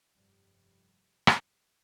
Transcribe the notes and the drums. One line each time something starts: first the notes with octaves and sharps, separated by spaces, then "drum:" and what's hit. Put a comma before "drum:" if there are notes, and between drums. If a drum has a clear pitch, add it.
F1 G2 G3
drum: rim click